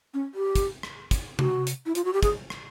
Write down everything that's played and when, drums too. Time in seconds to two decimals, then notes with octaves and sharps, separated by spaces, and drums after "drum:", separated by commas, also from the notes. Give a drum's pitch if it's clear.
0.14 C#4
0.35 G4
0.56 drum: kick, hi-hat
0.83 drum: rim click
1.11 drum: kick, hi-hat
1.39 F#4, drum: tom C3
1.67 drum: hi-hat
1.86 E4
1.95 F4, drum: hi-hat
2.05 F#4
2.13 G4
2.23 G#4, drum: kick, hi-hat
2.50 drum: rim click